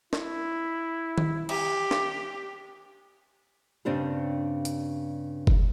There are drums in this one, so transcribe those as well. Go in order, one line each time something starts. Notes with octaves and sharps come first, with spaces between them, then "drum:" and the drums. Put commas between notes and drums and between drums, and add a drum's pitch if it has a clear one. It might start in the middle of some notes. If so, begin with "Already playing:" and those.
E4, drum: snare
drum: tom D#3
G4, drum: cymbal
drum: snare
G2 C#3 C4 D4 G4
drum: hi-hat
drum: kick F#1